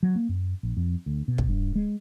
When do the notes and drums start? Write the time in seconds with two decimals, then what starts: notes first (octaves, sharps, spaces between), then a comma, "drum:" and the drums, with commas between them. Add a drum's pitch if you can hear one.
0.03 F#3
0.16 A#3
0.29 F#2
0.63 A#1
0.77 F2
1.06 D2
1.28 B2
1.38 drum: kick
1.49 G2
1.76 G#3